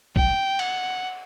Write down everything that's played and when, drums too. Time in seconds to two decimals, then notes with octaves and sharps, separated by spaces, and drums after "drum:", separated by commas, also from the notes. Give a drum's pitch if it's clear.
0.16 G5, drum: kick
0.59 F#5, drum: cymbal